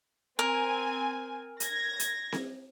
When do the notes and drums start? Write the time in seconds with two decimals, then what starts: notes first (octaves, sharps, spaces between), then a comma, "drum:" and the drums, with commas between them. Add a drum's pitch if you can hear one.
0.39 C4 A#4 G#5
1.60 G#6 A#6, drum: hi-hat
2.00 drum: hi-hat
2.32 drum: snare C4